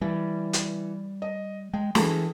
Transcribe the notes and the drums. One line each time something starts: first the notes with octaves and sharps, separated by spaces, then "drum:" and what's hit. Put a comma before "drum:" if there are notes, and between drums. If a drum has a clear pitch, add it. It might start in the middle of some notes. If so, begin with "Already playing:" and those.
E3 G3
drum: hi-hat
D#5
G#3 G5
E3 G#4 A4, drum: snare